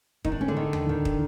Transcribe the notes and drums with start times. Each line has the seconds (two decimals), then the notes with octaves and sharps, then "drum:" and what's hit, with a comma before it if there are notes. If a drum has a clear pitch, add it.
0.25 D#3 D#4, drum: kick
0.32 D4
0.41 C#4
0.48 D3 D4
0.57 D#3
0.73 drum: tom D#2
0.89 D#3
1.05 drum: kick